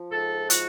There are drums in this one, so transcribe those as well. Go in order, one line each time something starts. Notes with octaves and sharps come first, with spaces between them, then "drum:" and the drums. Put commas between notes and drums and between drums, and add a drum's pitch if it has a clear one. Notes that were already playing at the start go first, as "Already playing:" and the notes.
Already playing: F3
G#2 A4
F3 F#4, drum: hi-hat